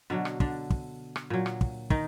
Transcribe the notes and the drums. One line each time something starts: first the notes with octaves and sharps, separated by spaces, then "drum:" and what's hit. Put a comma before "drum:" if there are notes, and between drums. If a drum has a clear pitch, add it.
B2 D3 F#3 D4
drum: rim click
D3 D4, drum: kick
drum: kick
drum: rim click
A#2 F#3
drum: rim click
drum: kick
D#3 D#4, drum: kick